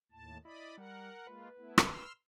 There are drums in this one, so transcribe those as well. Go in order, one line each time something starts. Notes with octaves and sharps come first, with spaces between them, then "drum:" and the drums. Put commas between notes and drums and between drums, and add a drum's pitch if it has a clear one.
D#2 A2 A5
E4 D5 D#5 B5
G3 A#4 F#5
G#3 A#3 F4 B4
A3 B3 E4
drum: rim click
C6 E6 F6